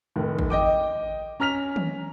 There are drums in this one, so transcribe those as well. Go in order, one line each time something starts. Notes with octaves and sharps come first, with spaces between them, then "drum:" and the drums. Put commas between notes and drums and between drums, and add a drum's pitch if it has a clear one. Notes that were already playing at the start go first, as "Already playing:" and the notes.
F1 A2 D#3
drum: kick
D#5 G5 D6
C#4 A#5 F6 B6 F7
drum: tom D#3